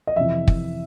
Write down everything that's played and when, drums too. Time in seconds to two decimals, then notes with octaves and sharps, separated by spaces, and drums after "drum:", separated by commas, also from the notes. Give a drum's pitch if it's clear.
0.07 D#5
0.16 F2 C3 E3 E5
0.48 drum: kick